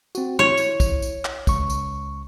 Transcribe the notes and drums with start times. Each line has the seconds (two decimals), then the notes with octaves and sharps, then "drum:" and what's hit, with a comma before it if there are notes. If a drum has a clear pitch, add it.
0.15 C4 F#4, drum: tambourine
0.39 E4 C#5
0.57 drum: tambourine
0.80 drum: kick, tambourine
1.02 drum: tambourine
1.25 drum: clap
1.47 C#2 C#6, drum: kick, tambourine
1.70 drum: tambourine